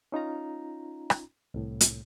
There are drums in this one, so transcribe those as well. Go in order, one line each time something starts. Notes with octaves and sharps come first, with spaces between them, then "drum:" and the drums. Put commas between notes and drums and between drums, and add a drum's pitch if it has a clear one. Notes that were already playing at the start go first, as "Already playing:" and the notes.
C#4 D#4 F4 A#5
drum: rim click
C2 A2
drum: hi-hat